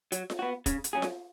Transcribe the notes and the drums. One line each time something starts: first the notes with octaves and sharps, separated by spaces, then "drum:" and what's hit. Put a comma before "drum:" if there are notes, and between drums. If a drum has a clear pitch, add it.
F#3, drum: hi-hat
drum: snare F4
B3 F#4
C#3, drum: kick, hi-hat
drum: hi-hat
F#3 C#4 G#4
drum: snare F4